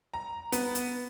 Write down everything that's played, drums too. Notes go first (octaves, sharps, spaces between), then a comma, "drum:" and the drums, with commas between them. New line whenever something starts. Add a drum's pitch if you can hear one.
A#5
B3, drum: hi-hat
drum: hi-hat